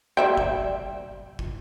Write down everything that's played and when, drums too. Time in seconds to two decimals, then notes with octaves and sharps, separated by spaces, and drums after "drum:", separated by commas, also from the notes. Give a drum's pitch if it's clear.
0.17 G3 E5 G5
0.37 drum: kick
1.39 drum: kick